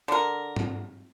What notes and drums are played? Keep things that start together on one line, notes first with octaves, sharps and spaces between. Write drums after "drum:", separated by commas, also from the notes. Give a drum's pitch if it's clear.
D3 A#4
drum: tom